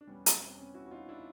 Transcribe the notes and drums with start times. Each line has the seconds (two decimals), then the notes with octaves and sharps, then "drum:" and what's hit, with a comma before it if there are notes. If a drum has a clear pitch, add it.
0.01 D4
0.07 E2 B2 G3 B3 C#4
0.26 drum: hi-hat
0.47 C4
0.58 B3 C#4
0.74 E4 F#4
0.86 F#4
0.91 D#4 F4
1.09 D4 E4